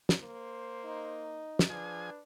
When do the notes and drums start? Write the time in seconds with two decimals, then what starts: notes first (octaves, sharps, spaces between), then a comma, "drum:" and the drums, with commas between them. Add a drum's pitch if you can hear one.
0.09 drum: snare
0.20 A#3 C5
0.85 D#4
1.59 drum: snare
1.70 F3 D4 G#4 B4 G#5